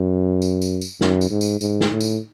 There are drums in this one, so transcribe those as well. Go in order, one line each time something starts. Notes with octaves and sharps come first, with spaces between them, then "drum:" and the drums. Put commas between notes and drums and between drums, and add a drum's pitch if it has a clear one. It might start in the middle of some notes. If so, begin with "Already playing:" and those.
Already playing: F#2
drum: tambourine
drum: tambourine
drum: tambourine
F#2, drum: snare
drum: tambourine
G#2
drum: tambourine
G#2, drum: tambourine
drum: snare
A2
drum: tambourine